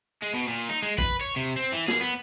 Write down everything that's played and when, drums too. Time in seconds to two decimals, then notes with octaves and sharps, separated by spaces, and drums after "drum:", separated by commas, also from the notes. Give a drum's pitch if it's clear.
0.22 G#3
0.34 B2
0.48 A#2
0.69 D#4
0.82 G#3
0.98 B4, drum: kick A#1
1.21 C#5
1.36 C3
1.56 C4
1.72 E3
1.88 G#4, drum: snare
2.01 B3